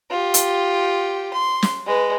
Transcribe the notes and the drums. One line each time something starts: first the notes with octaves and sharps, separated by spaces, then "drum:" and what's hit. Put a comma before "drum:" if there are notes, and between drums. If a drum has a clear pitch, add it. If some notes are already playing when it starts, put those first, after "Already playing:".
F4 G4
drum: hi-hat
C6
drum: snare
G#3 B4